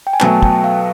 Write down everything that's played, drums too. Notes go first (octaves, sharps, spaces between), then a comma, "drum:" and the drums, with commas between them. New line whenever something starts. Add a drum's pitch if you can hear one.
G5
G#5
B2 F#3 A3 A5, drum: clap
G5, drum: kick
F5